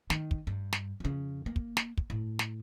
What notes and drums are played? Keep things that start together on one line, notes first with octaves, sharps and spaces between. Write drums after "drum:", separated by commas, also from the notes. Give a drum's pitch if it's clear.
D#3, drum: snare
drum: kick
G2
drum: snare
F2 C#3
A#3
drum: kick
drum: snare
drum: kick
A2
drum: snare